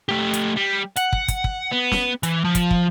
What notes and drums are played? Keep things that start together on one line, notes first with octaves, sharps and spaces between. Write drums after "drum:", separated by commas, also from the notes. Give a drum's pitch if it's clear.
A3 G4
drum: hi-hat
G3
F#5, drum: hi-hat
drum: kick
drum: kick, hi-hat
drum: kick
B3
drum: snare
E3, drum: hi-hat
F3
drum: kick, hi-hat
drum: kick